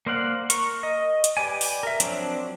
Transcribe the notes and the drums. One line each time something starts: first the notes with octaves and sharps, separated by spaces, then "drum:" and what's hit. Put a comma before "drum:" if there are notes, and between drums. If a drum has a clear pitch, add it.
A#3 C5 D5 F5 F#5
A#4 C#6, drum: hi-hat
D#5
drum: hi-hat
G4 B4 D5 G#5
drum: open hi-hat
A#4 E5
F3 F#3 C4 D4, drum: hi-hat